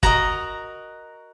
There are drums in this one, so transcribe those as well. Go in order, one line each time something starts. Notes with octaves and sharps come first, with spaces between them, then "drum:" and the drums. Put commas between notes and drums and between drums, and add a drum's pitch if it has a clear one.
F#4 A#4 D#5 A#5, drum: kick